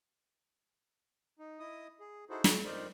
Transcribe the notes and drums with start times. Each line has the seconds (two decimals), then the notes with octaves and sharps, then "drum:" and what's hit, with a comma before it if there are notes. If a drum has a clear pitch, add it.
1.39 D#4
1.59 E4 D#5 D#6
2.00 G#4
2.30 D#4 E4 F#4 G#4 A4 C5
2.44 A3, drum: snare
2.65 F2 D#4 A#4 C5 D5